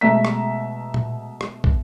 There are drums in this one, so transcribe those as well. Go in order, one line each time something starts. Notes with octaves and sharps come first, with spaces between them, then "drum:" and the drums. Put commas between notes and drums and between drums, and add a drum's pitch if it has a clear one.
B2 G#3 A3 E5 A#5 B6
drum: rim click
drum: tom A#2
drum: rim click
drum: kick